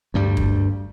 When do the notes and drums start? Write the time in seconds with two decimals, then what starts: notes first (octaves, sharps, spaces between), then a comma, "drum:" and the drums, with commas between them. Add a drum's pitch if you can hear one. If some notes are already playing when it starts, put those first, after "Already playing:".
0.14 D2 G2 G3
0.37 drum: kick